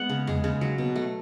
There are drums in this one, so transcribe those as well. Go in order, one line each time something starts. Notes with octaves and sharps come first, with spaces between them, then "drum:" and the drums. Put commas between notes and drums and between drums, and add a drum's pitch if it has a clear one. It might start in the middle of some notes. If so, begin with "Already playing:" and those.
Already playing: G#3 B3 F#5
C#3
G#3, drum: tom E2
C#3
F#3
B2
A3